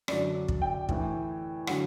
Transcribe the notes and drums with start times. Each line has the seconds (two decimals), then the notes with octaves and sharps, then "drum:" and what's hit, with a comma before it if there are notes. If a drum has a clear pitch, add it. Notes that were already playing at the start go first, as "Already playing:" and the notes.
0.08 F#2 D3 F#3 D5, drum: rim click
0.48 drum: kick
0.62 G5
0.89 A2 E3, drum: kick
1.67 D3 F#3 F#5, drum: rim click